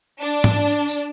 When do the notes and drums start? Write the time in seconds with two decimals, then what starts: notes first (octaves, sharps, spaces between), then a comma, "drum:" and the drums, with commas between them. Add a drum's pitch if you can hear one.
0.22 D4
0.44 drum: tom G#2
0.88 drum: tambourine